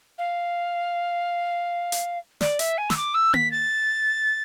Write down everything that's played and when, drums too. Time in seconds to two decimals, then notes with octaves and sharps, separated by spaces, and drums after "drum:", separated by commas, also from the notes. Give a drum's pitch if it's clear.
0.18 F5
1.92 drum: hi-hat
2.41 D5, drum: snare
2.59 E5, drum: hi-hat
2.78 G#5
2.90 E6, drum: snare
2.97 D6
3.14 E6
3.34 B6, drum: tom A#3
3.51 A6